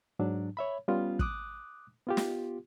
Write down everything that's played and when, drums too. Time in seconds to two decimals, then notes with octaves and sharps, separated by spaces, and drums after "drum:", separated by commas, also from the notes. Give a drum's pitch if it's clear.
0.19 G#2 F#3 D4
0.57 C#5 E5 B5
0.88 G3 B3 C#4 F4
1.19 D6 D#6 F#6, drum: kick
2.07 B3 F4 G4
2.17 drum: snare